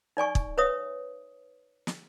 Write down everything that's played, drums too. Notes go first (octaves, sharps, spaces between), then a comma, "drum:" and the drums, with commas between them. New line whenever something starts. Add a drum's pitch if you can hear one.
D#4 D5 G#5 C#6
drum: kick
B4 C#5 E5 D#6
drum: snare